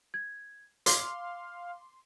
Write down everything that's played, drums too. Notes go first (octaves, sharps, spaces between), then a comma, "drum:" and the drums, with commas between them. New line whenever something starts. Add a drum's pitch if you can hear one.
G#6
F5 C6 D6, drum: hi-hat